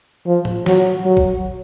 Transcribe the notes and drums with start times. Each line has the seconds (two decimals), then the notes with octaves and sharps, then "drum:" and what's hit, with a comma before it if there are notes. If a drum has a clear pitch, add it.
0.26 F3
0.45 drum: tom A2
0.66 F#3, drum: snare
1.06 F#3
1.17 drum: kick